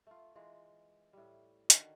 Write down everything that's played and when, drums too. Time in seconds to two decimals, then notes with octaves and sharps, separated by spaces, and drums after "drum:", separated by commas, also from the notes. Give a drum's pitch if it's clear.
0.07 A3 F4
0.35 E3 G#3 F4 A#4
1.13 A2 G3
1.70 D3 D#3 F#4, drum: hi-hat